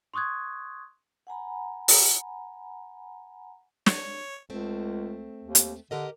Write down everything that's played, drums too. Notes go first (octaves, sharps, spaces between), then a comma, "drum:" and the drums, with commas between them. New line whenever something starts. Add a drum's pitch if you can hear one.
C6 C#6 D#6 F#6 G#6
F#5 G#5 A#5 B5
drum: open hi-hat
C#5, drum: snare
C#2 A3 C4
D#2
drum: hi-hat
D3 G4 A#4 D#5